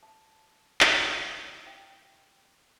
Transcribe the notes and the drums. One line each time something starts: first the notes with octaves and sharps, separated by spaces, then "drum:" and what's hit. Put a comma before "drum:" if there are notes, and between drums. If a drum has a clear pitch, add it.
A5
E4, drum: clap
G5